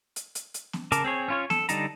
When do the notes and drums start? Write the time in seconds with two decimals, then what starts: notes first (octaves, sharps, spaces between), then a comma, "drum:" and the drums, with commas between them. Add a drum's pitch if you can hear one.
0.16 drum: hi-hat
0.35 drum: hi-hat
0.54 drum: hi-hat
0.73 drum: snare B3
0.92 C#3 A#4 A5 D6, drum: hi-hat
1.04 C4 G#4 C#5
1.28 C#4 F4 C#5
1.50 A4, drum: snare B3
1.69 D3 G3 D#4 A5 A#5, drum: hi-hat